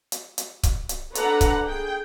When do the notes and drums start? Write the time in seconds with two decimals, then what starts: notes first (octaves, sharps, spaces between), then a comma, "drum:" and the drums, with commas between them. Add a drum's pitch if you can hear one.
0.12 drum: hi-hat
0.38 drum: hi-hat
0.63 drum: kick C#1, hi-hat
0.89 drum: hi-hat
1.15 D4 A4 B4 F#5 A#5, drum: hi-hat
1.41 drum: kick C#1, hi-hat
1.66 G#4 G5